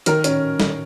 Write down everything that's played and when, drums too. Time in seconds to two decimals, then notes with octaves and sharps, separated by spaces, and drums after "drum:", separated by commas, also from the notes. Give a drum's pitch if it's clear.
0.06 D#3 A#4, drum: hi-hat
0.24 C#4, drum: hi-hat
0.60 drum: snare